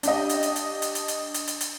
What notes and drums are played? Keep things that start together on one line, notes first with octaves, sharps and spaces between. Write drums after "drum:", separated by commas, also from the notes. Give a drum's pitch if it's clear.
D4 G4 D#5, drum: hi-hat
drum: hi-hat
drum: hi-hat
drum: hi-hat
drum: hi-hat
drum: hi-hat
drum: hi-hat
drum: hi-hat
drum: hi-hat
drum: hi-hat